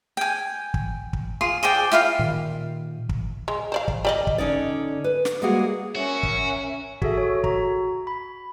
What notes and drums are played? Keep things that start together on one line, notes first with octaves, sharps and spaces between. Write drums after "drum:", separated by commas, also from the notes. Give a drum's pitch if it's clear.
G5 G#5
drum: kick
drum: kick
F4 G#4 C6
G#4 C5 D5 G5
E4 F4 F5 G5
A#2 D#3
drum: kick
G#3
C5 D5 F5
drum: kick
G3 D5 D#5
drum: kick
D3 C#4 D#4 D5
B4
drum: snare
G3 G#3 A#3 F#4 G#4 F#5
C#4 F#4 A#4 E5
drum: kick
F#4 G#4 A4 E5, drum: kick
C#5
F#4 A#5, drum: kick
B5